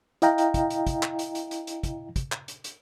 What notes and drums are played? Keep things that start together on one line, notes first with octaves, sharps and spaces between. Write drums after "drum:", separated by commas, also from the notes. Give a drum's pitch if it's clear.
E4 D#5 F5 G5 A#5, drum: hi-hat
drum: hi-hat
drum: kick, hi-hat
drum: hi-hat
drum: kick, hi-hat
drum: clap
drum: hi-hat
drum: hi-hat
drum: hi-hat
drum: hi-hat
drum: kick, hi-hat
drum: kick, hi-hat
drum: clap
drum: hi-hat
drum: hi-hat